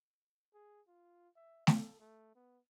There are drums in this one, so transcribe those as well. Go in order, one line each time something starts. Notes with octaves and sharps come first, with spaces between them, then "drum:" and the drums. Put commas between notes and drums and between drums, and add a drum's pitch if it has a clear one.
G#4
F4
E5
A4, drum: snare A3
A3
B3